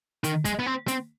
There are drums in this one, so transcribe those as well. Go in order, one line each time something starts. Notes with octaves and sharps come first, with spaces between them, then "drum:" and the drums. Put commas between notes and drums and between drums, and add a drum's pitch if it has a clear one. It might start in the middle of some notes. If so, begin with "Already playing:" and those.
D#3, drum: hi-hat
G#3, drum: kick, hi-hat
B3
C4
C4, drum: hi-hat